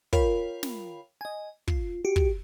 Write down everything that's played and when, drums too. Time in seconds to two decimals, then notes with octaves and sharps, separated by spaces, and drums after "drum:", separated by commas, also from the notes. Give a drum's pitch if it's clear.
0.13 F4 A#4 C#5 F5 G5 B5, drum: kick
0.63 drum: snare
1.21 D#5 G#5
1.68 F4, drum: kick
2.04 F#4 G4
2.16 drum: kick